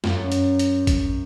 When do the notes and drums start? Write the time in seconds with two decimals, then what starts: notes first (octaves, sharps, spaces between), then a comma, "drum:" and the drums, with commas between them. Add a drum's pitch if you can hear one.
0.04 F#2, drum: snare
0.32 drum: hi-hat
0.59 drum: hi-hat
0.87 drum: kick A1, hi-hat